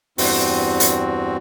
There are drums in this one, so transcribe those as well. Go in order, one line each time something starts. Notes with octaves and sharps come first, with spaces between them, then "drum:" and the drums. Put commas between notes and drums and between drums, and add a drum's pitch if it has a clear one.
E2 G2 C4 F#4, drum: open hi-hat
drum: hi-hat